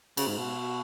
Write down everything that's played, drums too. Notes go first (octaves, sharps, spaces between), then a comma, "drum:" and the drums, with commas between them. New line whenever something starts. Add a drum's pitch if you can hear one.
C#3, drum: cymbal
G#2
B2